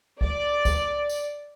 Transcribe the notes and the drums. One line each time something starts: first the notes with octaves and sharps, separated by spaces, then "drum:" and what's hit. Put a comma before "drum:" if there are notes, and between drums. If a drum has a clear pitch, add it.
D5, drum: kick C2
drum: kick C2, tambourine
drum: tambourine